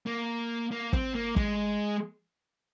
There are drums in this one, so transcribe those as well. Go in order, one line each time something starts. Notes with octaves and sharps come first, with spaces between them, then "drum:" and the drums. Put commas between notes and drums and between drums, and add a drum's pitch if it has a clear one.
A#3
A#3
C4, drum: kick
A#3
G#3, drum: kick